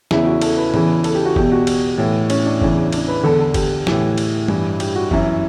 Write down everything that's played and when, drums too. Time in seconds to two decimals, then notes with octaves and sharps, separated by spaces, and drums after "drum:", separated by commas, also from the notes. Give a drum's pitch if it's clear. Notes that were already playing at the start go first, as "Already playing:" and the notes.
0.11 E2 C#3 E3 E4, drum: snare
0.26 F#4
0.41 A4, drum: cymbal
0.57 B4
0.74 E2 C#3 E3, drum: tom A2
1.04 A4, drum: cymbal
1.15 G4
1.25 F#4
1.36 E2 B2 G4, drum: kick
1.52 F#4
1.67 drum: cymbal
1.98 A2 E3
2.30 C#4, drum: cymbal
2.46 D4
2.62 E2 C#3 E3, drum: kick
2.92 D4, drum: cymbal
3.08 B4
3.23 E2 D3 A4
3.39 A4
3.54 G4, drum: kick, cymbal
3.87 A2 E3, drum: snare
4.18 drum: cymbal
4.48 G2 E3, drum: tom G3
4.80 G4, drum: cymbal
4.96 F#4
5.11 F#2 E3 E4, drum: kick